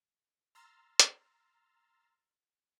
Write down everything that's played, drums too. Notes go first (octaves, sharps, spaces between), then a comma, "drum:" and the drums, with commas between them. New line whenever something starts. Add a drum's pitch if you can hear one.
A#5 C6 E6 F6 A6
drum: hi-hat